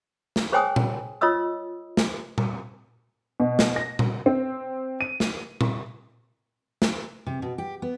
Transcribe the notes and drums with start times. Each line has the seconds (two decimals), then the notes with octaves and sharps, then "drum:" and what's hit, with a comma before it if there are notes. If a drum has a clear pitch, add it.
0.36 drum: snare
0.52 G#4 C5 C#5 G5 G#5 D#6
0.76 drum: tom A#2
1.21 F4 C#5 D#5 D#6 E6
1.97 drum: snare
2.38 drum: tom A#2
3.40 B2
3.59 drum: snare
3.76 A#6
3.99 drum: tom A#2
4.26 C4
5.01 D#7
5.20 drum: snare
5.61 drum: tom A#2
6.82 drum: snare
7.27 C3
7.42 B2
7.58 G4
7.82 B3